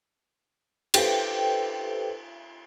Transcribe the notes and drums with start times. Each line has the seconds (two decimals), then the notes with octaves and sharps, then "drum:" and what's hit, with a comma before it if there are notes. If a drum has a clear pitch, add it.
0.94 G4 A4 B4 C5 G5, drum: cymbal